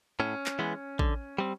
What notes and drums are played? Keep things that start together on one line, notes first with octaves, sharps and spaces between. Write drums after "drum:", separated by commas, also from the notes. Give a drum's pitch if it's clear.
A2 C#4
drum: clap
E3 G#3 B3
D3, drum: kick A1
G3 C4